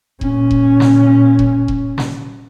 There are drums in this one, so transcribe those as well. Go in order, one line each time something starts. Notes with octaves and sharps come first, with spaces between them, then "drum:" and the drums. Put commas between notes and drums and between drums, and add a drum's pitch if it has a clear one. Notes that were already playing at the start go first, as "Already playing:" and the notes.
A#2 C#4, drum: kick E1
drum: kick E1
drum: snare
drum: kick E1
drum: kick E1
drum: snare